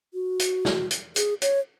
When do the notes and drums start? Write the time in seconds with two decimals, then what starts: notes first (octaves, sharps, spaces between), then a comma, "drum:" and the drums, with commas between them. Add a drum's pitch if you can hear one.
0.14 F#4
0.39 drum: hi-hat
0.65 drum: snare
0.91 drum: hi-hat
1.16 G#4, drum: hi-hat
1.42 C#5, drum: hi-hat